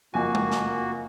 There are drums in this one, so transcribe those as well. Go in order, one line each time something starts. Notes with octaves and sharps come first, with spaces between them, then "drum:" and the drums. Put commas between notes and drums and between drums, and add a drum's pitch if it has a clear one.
F#1 F2 A#3 F#4 G#5
drum: tom G#3
drum: snare